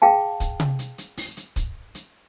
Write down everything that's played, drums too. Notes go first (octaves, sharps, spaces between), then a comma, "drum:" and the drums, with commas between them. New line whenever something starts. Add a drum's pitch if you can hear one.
G#4 F5 G5 A5
drum: kick, hi-hat
drum: tom C3
drum: hi-hat
drum: hi-hat
drum: open hi-hat
drum: hi-hat
drum: kick, hi-hat
drum: hi-hat